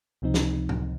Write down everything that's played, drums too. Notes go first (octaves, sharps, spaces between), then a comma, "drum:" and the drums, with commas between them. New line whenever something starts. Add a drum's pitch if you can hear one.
C#2 C3 F3 C4 D#4
drum: snare
drum: tom A2